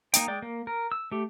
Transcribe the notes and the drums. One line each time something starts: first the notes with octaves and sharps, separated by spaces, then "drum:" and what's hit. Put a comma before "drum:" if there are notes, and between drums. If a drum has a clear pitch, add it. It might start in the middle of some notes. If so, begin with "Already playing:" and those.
A#3 D#4 G5, drum: hi-hat
G#3 D5 G5
A#3
A#4
E6
A3 G4